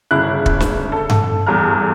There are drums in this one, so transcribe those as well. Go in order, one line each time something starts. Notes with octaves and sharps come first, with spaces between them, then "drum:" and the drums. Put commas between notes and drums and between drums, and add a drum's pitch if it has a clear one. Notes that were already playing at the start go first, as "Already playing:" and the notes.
G1 C#3 E4 F#6
drum: kick
drum: snare
A4
drum: tom G2
E2 G2 A4 A#5 F6